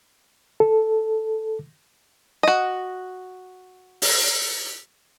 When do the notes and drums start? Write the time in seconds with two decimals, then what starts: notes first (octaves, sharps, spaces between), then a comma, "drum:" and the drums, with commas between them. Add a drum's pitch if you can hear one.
0.60 A4
2.43 F#4 D#5
4.02 drum: open hi-hat